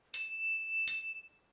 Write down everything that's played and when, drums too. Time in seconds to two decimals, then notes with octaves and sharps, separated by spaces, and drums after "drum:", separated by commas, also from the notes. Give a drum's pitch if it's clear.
0.14 E7, drum: hi-hat
0.88 drum: hi-hat